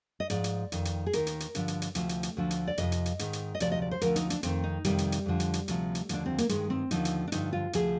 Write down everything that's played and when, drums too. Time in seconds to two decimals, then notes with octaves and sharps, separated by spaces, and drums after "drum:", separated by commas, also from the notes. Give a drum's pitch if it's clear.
0.20 D#5
0.30 G#2 F3 D5, drum: hi-hat
0.44 drum: hi-hat
0.72 F2 D#3, drum: hi-hat
0.85 drum: hi-hat
1.06 G#4
1.13 D#2 D#3 A#4, drum: hi-hat
1.27 drum: hi-hat
1.40 drum: hi-hat
1.55 G2 D3 F3, drum: hi-hat
1.68 drum: hi-hat
1.82 drum: hi-hat
1.95 D2 C3 F3, drum: hi-hat
2.09 drum: hi-hat
2.23 drum: hi-hat
2.37 D2 D3 F3
2.51 drum: hi-hat
2.67 D5
2.78 F2 C3 F3 D#5, drum: hi-hat
2.92 drum: hi-hat
3.06 drum: hi-hat
3.19 G#2 D#3, drum: hi-hat
3.33 drum: hi-hat
3.55 D#5
3.60 D2 C3 F3 D5, drum: hi-hat
3.72 D#5
3.82 D5
3.91 C5
4.01 D2 D3 F3 A#4, drum: hi-hat
4.16 D#4, drum: hi-hat
4.30 D4, drum: hi-hat
4.43 F2 D#3 C4, drum: hi-hat
4.64 D#4
4.84 F2 C3 D#3 G3, drum: hi-hat
4.98 drum: hi-hat
5.12 drum: hi-hat
5.26 F2 D3 F3
5.40 drum: hi-hat
5.54 drum: hi-hat
5.68 D2 C3 F3, drum: hi-hat
5.95 drum: hi-hat
6.09 D#2 D3 F3 D4, drum: hi-hat
6.26 C4
6.38 A#3, drum: hi-hat
6.49 G2 D#3 G#3, drum: hi-hat
6.70 C4
6.91 D#2 D3 F3 D#4, drum: hi-hat
7.05 drum: hi-hat
7.28 D4
7.32 G2 D3 F3 D#4, drum: hi-hat
7.53 F4
7.73 D2 C3 F3 G#4, drum: hi-hat